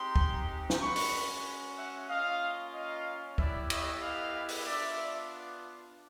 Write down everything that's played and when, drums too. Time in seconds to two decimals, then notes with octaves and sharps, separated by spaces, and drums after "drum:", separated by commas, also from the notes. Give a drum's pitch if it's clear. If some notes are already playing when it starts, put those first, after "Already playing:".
Already playing: G#3 C4 D#4 G4 A#5 C6
0.16 drum: kick
0.70 drum: snare
0.82 G#3 C#4 F#4 B5 C#6
0.96 drum: open hi-hat
1.78 E5 F#5
2.09 A#3 C#4 F4 D#5 F5
2.74 D#5 F5
3.38 B3 E4 G4 D5 E5, drum: kick
3.70 C#5 D#5, drum: cymbal
4.02 D#5 F5
4.48 drum: open hi-hat
4.65 B3 D4 F4 D5 E5